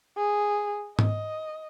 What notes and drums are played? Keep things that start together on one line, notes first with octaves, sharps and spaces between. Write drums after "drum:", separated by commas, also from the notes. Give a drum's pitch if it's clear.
G#4
D#5, drum: tom G#2